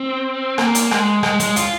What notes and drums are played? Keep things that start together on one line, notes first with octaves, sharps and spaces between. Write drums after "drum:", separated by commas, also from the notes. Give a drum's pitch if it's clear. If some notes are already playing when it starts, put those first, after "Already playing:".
Already playing: C4
A#3, drum: rim click
drum: hi-hat
G#3, drum: rim click
G#3, drum: rim click
G#3, drum: hi-hat
F4, drum: hi-hat